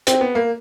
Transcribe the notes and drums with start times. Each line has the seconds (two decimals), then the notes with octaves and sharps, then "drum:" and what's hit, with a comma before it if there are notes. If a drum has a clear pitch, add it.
0.07 C4, drum: hi-hat
0.21 B3
0.35 A#3